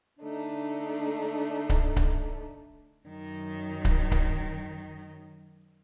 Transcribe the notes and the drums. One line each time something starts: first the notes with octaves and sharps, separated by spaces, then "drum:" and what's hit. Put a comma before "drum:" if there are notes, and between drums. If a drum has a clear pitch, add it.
D3 A3 D4 D#4
drum: kick C#1
drum: kick C#1
F#2 D#3
drum: kick C#1
drum: kick C#1